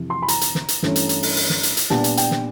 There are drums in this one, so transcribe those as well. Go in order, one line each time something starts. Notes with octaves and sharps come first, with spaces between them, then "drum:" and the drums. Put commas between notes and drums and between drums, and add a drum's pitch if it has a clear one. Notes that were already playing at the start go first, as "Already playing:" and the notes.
Already playing: F2 C3 E3
C6
B5
A#5, drum: hi-hat
drum: hi-hat
drum: snare
drum: hi-hat
G2 E3 A3 C#4, drum: snare
drum: hi-hat
drum: hi-hat
drum: open hi-hat
drum: open hi-hat
drum: snare
drum: hi-hat
drum: hi-hat
A#2 G3 B3 D4 A5, drum: snare
drum: hi-hat
G5, drum: hi-hat
drum: snare